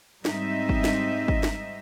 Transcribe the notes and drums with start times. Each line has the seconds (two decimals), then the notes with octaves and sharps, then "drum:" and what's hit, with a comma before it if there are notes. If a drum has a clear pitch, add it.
0.25 G#2 G3 C4 D#4 D#5 E5, drum: snare
0.69 drum: kick
0.84 drum: snare
1.28 drum: kick
1.43 drum: snare